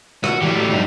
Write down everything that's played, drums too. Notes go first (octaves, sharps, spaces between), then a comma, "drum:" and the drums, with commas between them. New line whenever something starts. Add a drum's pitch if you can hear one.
F#4, drum: rim click
E3 F#3 A3 G4
G2 D#4